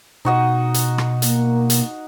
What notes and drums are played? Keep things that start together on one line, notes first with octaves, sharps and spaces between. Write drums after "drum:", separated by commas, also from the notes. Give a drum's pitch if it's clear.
B2 D#4 F#4 D#5
drum: hi-hat
drum: rim click
A#3, drum: hi-hat
drum: hi-hat